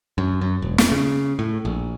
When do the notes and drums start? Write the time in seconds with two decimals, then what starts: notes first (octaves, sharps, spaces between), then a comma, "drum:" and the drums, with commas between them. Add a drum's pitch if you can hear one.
0.18 F#2
0.41 F#2
0.62 E1
0.78 drum: snare
0.92 C#3
1.39 A2
1.65 A#1